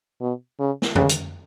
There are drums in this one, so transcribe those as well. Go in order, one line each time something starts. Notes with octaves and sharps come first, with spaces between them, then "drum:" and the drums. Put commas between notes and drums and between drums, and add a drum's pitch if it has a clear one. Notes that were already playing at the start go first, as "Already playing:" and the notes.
B2
C#3
drum: snare
C#3, drum: tom F2
drum: hi-hat